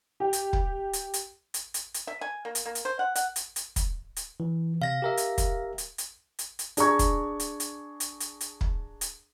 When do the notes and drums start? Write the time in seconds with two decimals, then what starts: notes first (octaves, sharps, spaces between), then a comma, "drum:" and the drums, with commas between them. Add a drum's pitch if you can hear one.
0.20 G4
0.33 drum: hi-hat
0.53 drum: kick
0.93 drum: hi-hat
1.14 drum: hi-hat
1.54 drum: hi-hat
1.74 drum: hi-hat
1.94 drum: hi-hat
2.07 E5
2.21 G#5
2.45 A#3
2.55 drum: hi-hat
2.66 A#3
2.75 drum: hi-hat
2.85 C5
2.99 F#5
3.16 F#5, drum: hi-hat
3.36 drum: hi-hat
3.56 drum: hi-hat
3.76 drum: kick, hi-hat
4.16 drum: hi-hat
4.40 E3
4.82 C3 F5 A#6
5.02 G4 A#4 E5
5.17 drum: hi-hat
5.38 drum: kick, hi-hat
5.78 drum: hi-hat
5.98 drum: hi-hat
6.39 drum: hi-hat
6.59 drum: hi-hat
6.77 D4 G#4 A#5 C#6 G#6, drum: hi-hat
6.99 drum: kick, hi-hat
7.40 drum: hi-hat
7.60 drum: hi-hat
8.00 drum: hi-hat
8.20 drum: hi-hat
8.41 drum: hi-hat
8.61 drum: kick
9.01 drum: hi-hat